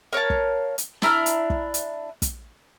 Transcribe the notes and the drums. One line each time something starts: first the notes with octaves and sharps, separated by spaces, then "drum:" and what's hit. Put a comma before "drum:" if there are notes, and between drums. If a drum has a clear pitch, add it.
A#4 C#5 F5 A5
drum: kick
drum: hi-hat
D4 E4 A#5 F6, drum: snare
drum: hi-hat
drum: kick
drum: hi-hat
drum: kick, hi-hat